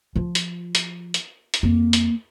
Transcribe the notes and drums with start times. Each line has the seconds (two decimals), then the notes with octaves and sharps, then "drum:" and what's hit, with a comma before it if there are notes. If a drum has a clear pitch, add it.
0.15 F3 F4
0.35 drum: hi-hat
0.75 drum: hi-hat
1.14 drum: hi-hat
1.54 drum: hi-hat
1.63 F2 A#3
1.93 drum: hi-hat